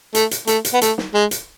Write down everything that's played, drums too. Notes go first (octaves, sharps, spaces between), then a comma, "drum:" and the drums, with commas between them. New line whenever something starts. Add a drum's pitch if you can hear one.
A3, drum: hi-hat
drum: hi-hat
A3, drum: hi-hat
drum: hi-hat
B3
A3, drum: hi-hat
drum: snare
G#3
drum: hi-hat